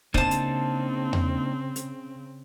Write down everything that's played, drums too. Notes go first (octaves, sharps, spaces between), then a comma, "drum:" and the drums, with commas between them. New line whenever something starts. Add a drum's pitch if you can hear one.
C#3 A#3 C4 D4 D#4 C5 A5, drum: kick
drum: hi-hat
drum: tom E2
drum: hi-hat